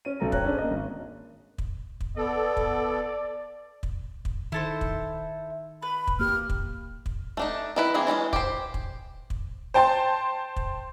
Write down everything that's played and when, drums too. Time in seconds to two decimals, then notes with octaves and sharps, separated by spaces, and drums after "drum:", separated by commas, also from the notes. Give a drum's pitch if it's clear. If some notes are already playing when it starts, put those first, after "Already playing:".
0.05 C#4 D#7
0.20 B1 A4 A#5
0.32 C#5 G5 A#5 F#6, drum: kick
0.44 C#4 D4 G#4 C5
0.58 A#3 D#5
0.71 G#1
1.58 drum: kick
2.01 drum: kick
2.17 B3 A4 D5
2.57 drum: kick
3.83 drum: kick
4.25 drum: kick
4.52 D#3 E4 A4 C5
4.81 drum: kick
5.83 B4 B5
6.07 drum: kick
6.20 A#3 G4 F6
6.50 drum: kick
7.06 drum: kick
7.37 A3 D4 D#4
7.76 D#3 E4 B4
7.94 E3 A#3 C4 G#4
8.07 E3 G#3 C4 C#4
8.33 G4 C5, drum: kick
8.74 drum: kick
9.30 drum: kick
9.74 C5 G5 A5 C6
10.56 drum: kick